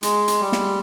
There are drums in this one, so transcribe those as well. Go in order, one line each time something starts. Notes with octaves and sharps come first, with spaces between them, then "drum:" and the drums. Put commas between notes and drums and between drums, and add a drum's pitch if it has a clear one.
G#3, drum: hi-hat
drum: hi-hat
G3
drum: snare